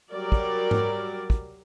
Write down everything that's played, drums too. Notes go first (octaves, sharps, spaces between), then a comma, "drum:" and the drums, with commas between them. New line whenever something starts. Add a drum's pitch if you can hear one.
F#3 G3 A#4 D5
drum: kick
drum: tom G#2
drum: kick